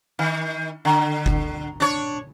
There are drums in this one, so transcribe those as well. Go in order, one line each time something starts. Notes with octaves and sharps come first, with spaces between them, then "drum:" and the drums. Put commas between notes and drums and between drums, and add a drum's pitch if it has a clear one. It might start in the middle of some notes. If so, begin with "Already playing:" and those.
D#3
D3
drum: kick F#1
D4 C#5